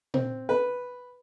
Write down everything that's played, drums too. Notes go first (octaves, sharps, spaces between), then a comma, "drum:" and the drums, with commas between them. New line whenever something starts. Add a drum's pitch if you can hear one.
C4, drum: tom A#2
B4